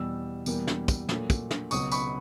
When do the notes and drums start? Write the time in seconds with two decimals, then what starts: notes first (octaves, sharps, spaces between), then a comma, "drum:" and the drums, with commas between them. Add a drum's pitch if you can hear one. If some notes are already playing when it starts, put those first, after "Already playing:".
Already playing: E2 B2 G3 E6
0.46 E2 B2 G3 A#3, drum: tambourine
0.67 drum: snare
0.88 drum: kick, tambourine
1.09 A#2 F#3 A3, drum: snare
1.30 drum: kick, tambourine
1.51 drum: snare
1.71 C#2 B2 F#3 C#6 D#6, drum: tambourine
1.92 B5 C#6, drum: tambourine